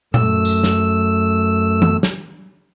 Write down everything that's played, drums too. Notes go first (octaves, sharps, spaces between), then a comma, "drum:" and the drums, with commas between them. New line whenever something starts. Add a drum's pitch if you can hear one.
F#2 A3 E6, drum: tom A#2
drum: tambourine
drum: snare
drum: tom E3
drum: snare